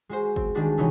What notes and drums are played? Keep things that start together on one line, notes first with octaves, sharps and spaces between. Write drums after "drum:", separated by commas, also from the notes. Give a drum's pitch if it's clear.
G#3 F#4 C5
C4, drum: kick G1
D#3 G3 G#3 D4 F#4 A5
C2 D3 E3 D#4 F#4 C#5